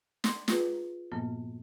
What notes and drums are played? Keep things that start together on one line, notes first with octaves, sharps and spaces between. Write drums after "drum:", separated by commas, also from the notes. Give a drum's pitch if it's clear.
C6, drum: snare
F4 G#4 B4, drum: snare
G2 A#2 F3 A#3 B3